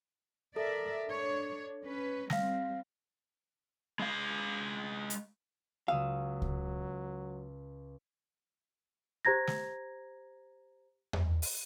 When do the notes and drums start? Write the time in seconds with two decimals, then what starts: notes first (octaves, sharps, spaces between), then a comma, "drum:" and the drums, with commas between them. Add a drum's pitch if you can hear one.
0.56 A4 A#4 D5 E5
1.07 D4 C#5
1.84 C#4 B4
2.30 G3 C4 F5 A#6, drum: snare
3.99 G#3 F5
5.10 drum: hi-hat
5.88 C#2 F#3 F5 D#6 E6
6.42 drum: kick C#2
9.25 G4 C5 A#5 G#6 A#6
9.47 drum: snare
11.13 drum: tom E2
11.42 drum: open hi-hat